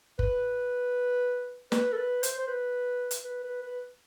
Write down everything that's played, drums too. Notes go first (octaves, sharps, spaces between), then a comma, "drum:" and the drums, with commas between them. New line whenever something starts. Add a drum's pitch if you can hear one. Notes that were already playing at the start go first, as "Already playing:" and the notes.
B4, drum: kick
B4, drum: snare
A4
B4
C5, drum: hi-hat
C5
B4
drum: hi-hat
B4
B4
B4